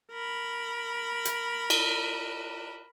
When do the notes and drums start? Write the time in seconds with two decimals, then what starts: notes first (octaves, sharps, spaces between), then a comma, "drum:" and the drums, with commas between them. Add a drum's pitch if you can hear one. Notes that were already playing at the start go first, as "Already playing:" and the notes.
0.12 A#4 B5
1.25 drum: hi-hat
1.70 drum: cymbal